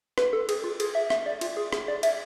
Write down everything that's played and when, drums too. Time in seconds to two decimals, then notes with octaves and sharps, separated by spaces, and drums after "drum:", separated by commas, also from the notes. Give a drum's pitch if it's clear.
0.18 B4, drum: rim click
0.33 A4
0.49 G#4, drum: cymbal
0.64 F4
0.80 G#4, drum: cymbal
0.95 E5
1.10 E5, drum: rim click
1.26 D5
1.41 F4, drum: cymbal
1.57 G#4
1.73 G#4, drum: rim click
1.88 D5
2.03 E5, drum: cymbal